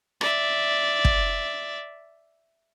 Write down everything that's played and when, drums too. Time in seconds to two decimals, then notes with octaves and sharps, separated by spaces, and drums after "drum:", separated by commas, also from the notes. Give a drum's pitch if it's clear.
0.21 D5 E5, drum: rim click
1.05 drum: kick